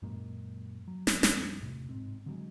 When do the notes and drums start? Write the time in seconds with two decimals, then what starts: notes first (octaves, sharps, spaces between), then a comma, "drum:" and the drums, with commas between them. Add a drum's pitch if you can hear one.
0.02 F#2 A#2 G#3 A#3
0.88 F#3
1.07 drum: snare
1.23 C2 F#2 F3 G3, drum: snare
1.61 E1 A2 C3
1.89 G1 G#2 C4
2.26 D3 F#3 G#3